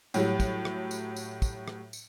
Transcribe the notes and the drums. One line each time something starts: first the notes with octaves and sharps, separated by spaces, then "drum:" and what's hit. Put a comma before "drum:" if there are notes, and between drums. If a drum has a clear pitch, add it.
A2 F#3 G3, drum: tambourine
drum: kick, tambourine
drum: rim click
drum: tambourine
drum: tambourine
drum: kick, tambourine
drum: rim click
drum: tambourine